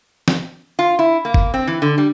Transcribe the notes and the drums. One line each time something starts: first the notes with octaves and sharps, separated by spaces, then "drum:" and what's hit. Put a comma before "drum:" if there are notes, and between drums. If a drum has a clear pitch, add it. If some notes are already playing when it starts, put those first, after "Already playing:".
drum: snare
F4
E4
A#3
drum: kick
C4
E3
D3
G3